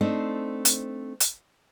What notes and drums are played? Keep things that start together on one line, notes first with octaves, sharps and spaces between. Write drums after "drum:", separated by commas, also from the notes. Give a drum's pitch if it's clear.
A3 C4 D4 D#4 C5
drum: hi-hat
drum: hi-hat